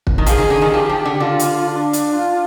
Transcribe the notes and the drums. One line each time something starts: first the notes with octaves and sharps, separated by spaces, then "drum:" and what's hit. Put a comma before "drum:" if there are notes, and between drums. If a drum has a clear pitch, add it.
drum: kick
D#3
F3 G#4, drum: hi-hat
D#3
D3
D#3
F3 G4
F3
D3
D3 F4
drum: hi-hat
D4
drum: hi-hat
F4